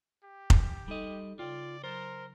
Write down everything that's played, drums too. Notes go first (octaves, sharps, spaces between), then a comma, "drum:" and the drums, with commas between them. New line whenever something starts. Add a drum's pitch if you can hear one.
G4
drum: kick F1
G3 D#4 A4 D#5
C#3 F4 D5 G5
F#3 A#4 C5 A6